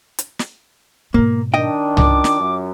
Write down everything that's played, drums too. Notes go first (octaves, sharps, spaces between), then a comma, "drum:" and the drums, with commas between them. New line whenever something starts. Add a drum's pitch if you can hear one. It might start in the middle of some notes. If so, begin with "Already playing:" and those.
drum: hi-hat
drum: snare
G#2 B2 A#3
D#3 D4 D#5 G5
C#4 F4 D6, drum: tom C2
drum: snare
F#2